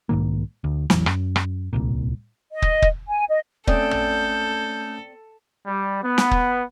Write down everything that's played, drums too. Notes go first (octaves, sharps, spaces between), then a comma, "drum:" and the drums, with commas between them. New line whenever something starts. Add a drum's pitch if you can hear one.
B1 G#2 D#3 A#3
D2
A1 E2 E3 F#3, drum: snare
F#2, drum: rim click
drum: rim click
D1 C2 A#2
D#5
drum: kick
drum: kick
G#5
D#5
A3 C4 C#4 A4 D5 D#6 G6, drum: kick
drum: tom
G3
B3
drum: snare
drum: kick